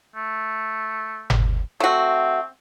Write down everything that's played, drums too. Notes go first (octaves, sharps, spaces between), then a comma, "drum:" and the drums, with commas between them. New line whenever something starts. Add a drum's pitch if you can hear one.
A3
drum: tom G1
A3 C4 F#4